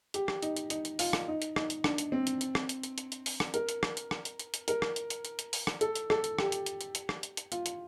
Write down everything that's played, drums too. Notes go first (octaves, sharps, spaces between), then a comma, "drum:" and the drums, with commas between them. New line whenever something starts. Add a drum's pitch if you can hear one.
G4, drum: hi-hat
drum: rim click
D#4, drum: hi-hat
drum: hi-hat
D#4, drum: hi-hat
drum: hi-hat
F4, drum: open hi-hat
drum: rim click
D#4
drum: hi-hat
D#4, drum: rim click
drum: hi-hat
D4, drum: rim click
drum: hi-hat
C4
drum: hi-hat
drum: hi-hat
drum: rim click
drum: hi-hat
drum: hi-hat
drum: hi-hat
drum: hi-hat
drum: open hi-hat
drum: rim click
A#4, drum: hi-hat
drum: hi-hat
drum: rim click
drum: hi-hat
drum: rim click
drum: hi-hat
drum: hi-hat
drum: hi-hat
A#4, drum: hi-hat
drum: rim click
drum: hi-hat
drum: hi-hat
drum: hi-hat
drum: hi-hat
drum: open hi-hat
drum: rim click
A4, drum: hi-hat
drum: hi-hat
A4, drum: rim click
drum: hi-hat
G4, drum: rim click
drum: hi-hat
drum: hi-hat
drum: hi-hat
drum: hi-hat
drum: rim click
drum: hi-hat
drum: hi-hat
F4, drum: hi-hat
drum: hi-hat